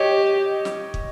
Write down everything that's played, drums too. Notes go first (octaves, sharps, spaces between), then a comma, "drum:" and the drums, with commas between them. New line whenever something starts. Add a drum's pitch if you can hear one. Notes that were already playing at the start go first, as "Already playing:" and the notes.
Already playing: G4 C#5 D#5
drum: snare
drum: kick